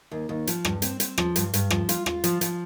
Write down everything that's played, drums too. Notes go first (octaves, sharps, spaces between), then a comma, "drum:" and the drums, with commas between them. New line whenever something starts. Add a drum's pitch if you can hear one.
D#2
D#2
F3, drum: hi-hat
G2, drum: rim click
C4, drum: hi-hat
C4, drum: hi-hat
F3, drum: rim click
G2, drum: hi-hat
G2, drum: hi-hat
F3, drum: rim click
F4, drum: hi-hat
F4, drum: rim click
F3, drum: hi-hat
F3, drum: hi-hat